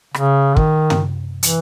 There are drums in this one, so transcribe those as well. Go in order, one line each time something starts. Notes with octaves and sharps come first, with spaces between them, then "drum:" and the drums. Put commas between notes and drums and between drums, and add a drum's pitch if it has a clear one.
C#3, drum: rim click
D#3, drum: kick
drum: tom
E3, drum: hi-hat